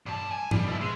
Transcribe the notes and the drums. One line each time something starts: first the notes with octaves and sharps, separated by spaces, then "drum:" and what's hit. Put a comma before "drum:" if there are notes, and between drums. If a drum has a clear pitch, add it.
G2 A5
G#5
G3, drum: tom G#2
B2 E4
G#3